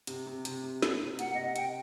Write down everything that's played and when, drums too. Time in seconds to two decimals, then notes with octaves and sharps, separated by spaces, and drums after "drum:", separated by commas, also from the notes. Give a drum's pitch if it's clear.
0.07 C3, drum: hi-hat
0.26 C3
0.45 C3, drum: hi-hat
0.63 C3
0.82 C3, drum: snare
1.00 C3
1.19 A#3 F#5, drum: hi-hat
1.34 C3 D#5
1.45 F#5
1.56 C3 G5, drum: hi-hat